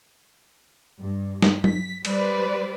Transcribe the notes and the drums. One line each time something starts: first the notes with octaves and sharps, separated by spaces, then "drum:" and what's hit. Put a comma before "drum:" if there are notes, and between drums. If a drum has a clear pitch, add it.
G2
drum: snare
B6, drum: tom F#3
G3 B4 C5 D5, drum: cymbal